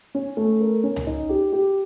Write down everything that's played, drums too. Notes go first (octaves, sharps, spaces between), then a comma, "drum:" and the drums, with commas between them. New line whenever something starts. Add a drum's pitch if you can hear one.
C#4
A3
A#4
C#4
drum: tom C#2
D#4
G4
G4